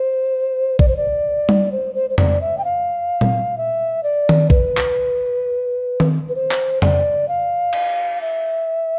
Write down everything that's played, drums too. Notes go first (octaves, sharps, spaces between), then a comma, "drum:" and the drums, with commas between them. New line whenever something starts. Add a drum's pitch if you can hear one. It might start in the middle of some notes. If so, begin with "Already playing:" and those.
Already playing: C5
D5, drum: kick A1
C5
D5
drum: tom G3
C5
C5
C5
D5, drum: tom
E5
G5
F5
drum: tom A#2
E5
D5
drum: tom D#3
B4, drum: kick A1
drum: clap
drum: tom D#3
B4
C5
drum: clap
D5, drum: tom
F5
drum: cymbal
E5